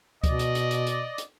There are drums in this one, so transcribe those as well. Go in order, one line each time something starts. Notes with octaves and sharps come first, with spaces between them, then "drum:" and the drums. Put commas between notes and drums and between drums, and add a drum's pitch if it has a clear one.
B2 D5 D#5, drum: kick C#2, hi-hat
drum: hi-hat
drum: hi-hat
drum: hi-hat
drum: hi-hat
drum: hi-hat